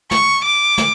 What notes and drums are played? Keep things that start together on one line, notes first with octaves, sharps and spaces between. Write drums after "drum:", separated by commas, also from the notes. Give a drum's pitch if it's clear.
C#6, drum: snare
D6
drum: snare